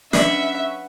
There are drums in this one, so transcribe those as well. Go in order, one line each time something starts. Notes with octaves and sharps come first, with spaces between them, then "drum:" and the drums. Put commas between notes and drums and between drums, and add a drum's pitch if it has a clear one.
F#3 C#4 D4 B4 D5 E5 F#5, drum: snare